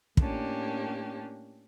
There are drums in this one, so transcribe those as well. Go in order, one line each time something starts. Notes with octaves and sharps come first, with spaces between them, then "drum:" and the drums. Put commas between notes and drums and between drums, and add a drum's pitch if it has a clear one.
A2 A#3 C#4 D4 G4, drum: kick